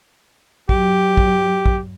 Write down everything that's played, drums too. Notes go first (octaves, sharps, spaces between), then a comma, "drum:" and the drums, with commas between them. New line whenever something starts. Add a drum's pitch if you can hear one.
F#3 G4, drum: kick
drum: kick
drum: kick